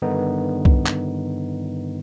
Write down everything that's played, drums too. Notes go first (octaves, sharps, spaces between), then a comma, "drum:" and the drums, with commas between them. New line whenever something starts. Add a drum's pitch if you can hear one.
G2 D3 D#3 B3 D#4
drum: kick
drum: clap